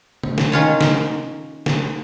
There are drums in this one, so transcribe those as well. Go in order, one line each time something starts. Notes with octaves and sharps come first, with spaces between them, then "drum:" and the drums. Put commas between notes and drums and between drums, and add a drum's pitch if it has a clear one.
drum: tom C3
drum: snare
D#3 C#4 F4 C#5
drum: snare
drum: snare